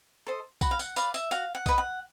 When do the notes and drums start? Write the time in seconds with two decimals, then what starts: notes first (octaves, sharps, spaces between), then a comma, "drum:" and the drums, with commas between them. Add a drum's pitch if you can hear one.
0.27 A4 C5 D#5
0.61 F#4 B5, drum: kick B1, tambourine
0.71 F5
0.79 F#5, drum: tambourine
0.96 B4 D5 F5, drum: tambourine
1.14 E5, drum: tambourine
1.31 F#4 F5, drum: tambourine
1.55 F#5
1.66 B4 D#5, drum: kick B1, tambourine
1.78 F#5